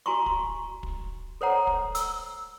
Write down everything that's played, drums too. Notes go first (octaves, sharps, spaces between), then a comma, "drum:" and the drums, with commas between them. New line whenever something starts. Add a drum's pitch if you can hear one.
F#4 G#5 A#5 C6 C#6
drum: kick
drum: kick
A4 C5 C#5 F#5 A#5
drum: kick
E6, drum: hi-hat